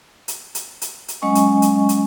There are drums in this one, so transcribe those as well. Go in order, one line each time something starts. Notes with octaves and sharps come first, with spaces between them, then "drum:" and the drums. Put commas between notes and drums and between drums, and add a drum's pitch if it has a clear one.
drum: hi-hat
drum: hi-hat
drum: hi-hat
drum: hi-hat
F#3 G#3 C#4 D#5 G#5 C#6
drum: hi-hat
drum: hi-hat
drum: hi-hat